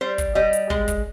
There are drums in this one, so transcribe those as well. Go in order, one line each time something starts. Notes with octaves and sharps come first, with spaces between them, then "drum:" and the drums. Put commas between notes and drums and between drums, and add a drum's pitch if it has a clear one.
G3 C5
drum: kick, hi-hat
G3 D#5
drum: hi-hat
G#3, drum: kick
drum: kick, hi-hat